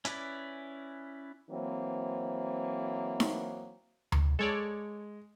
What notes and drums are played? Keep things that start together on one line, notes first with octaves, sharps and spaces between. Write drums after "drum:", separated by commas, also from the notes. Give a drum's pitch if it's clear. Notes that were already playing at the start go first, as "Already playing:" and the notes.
C#4 E4 B4 D5, drum: hi-hat
E3 F#3 A#3 C4
drum: snare D#4
drum: tom D2
G#3 A4 C#5 D5